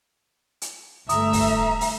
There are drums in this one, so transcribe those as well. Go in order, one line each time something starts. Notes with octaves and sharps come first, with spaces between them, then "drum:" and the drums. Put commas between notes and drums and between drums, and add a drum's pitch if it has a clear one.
drum: hi-hat
G1 A3 E5 A#5 D#6, drum: hi-hat
drum: kick, open hi-hat
drum: open hi-hat